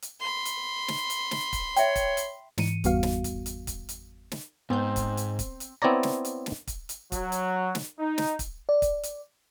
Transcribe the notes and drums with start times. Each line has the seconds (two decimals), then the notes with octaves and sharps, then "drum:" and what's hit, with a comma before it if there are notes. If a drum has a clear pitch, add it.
0.02 drum: hi-hat
0.20 B5 C6
0.45 drum: hi-hat
0.88 drum: snare
1.10 drum: hi-hat
1.31 drum: snare
1.53 drum: kick, hi-hat
1.76 C#5 E5 G5, drum: hi-hat
1.96 drum: kick, hi-hat
2.17 drum: hi-hat
2.58 G#2 E3 C#7 D#7, drum: snare
2.84 G1 E2 G3 B3 F#4 F5, drum: hi-hat
3.03 drum: snare
3.24 drum: kick, hi-hat
3.46 drum: hi-hat
3.67 drum: kick, hi-hat
3.89 drum: hi-hat
4.32 drum: snare
4.70 G#2 B3 C4 G6
4.96 drum: kick, hi-hat
5.17 drum: hi-hat
5.39 drum: kick, hi-hat
5.60 drum: hi-hat
5.82 B3 C4 E4 C#5 D5 A#5
6.03 drum: snare
6.25 drum: hi-hat
6.46 drum: snare
6.67 drum: kick, hi-hat
6.89 drum: hi-hat
7.12 F#3, drum: kick, hi-hat
7.32 drum: hi-hat
7.75 drum: snare
8.00 D#4
8.18 drum: snare
8.39 drum: kick, hi-hat
8.69 D5
8.82 drum: kick, hi-hat
9.03 drum: hi-hat